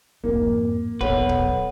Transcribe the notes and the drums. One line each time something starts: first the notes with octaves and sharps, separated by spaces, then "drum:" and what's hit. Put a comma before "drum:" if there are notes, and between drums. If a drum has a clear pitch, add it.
F2 G#2 A#3
B1 E2 A4 B4 C#5 F#5, drum: kick
drum: kick